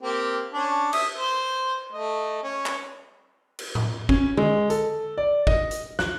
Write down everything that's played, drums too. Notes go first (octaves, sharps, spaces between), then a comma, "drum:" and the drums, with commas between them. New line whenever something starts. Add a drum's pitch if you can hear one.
A#3 C4 G4
C#4 D4
E5 D#6, drum: cymbal
C5
A3 D#5
C#4
drum: clap
drum: cymbal
drum: tom A2
C#4, drum: kick
G#3, drum: tom D3
A4, drum: hi-hat
D5
D#5, drum: kick
drum: hi-hat
F#6, drum: snare